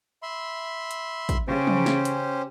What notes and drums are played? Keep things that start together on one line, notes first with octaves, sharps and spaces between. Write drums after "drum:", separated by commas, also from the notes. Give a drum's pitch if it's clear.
E5 B5 C6
drum: hi-hat
drum: kick, hi-hat
C#3 C#4 G4 C5
drum: tom
drum: snare
drum: hi-hat